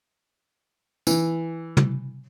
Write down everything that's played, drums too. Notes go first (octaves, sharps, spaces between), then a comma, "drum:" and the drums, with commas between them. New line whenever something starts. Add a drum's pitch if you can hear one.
E3, drum: tambourine
drum: tom